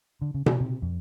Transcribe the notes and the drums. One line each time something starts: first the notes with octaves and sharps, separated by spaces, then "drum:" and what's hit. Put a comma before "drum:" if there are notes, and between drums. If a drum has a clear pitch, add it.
D3
C#3
C3, drum: tom B2
C3
F2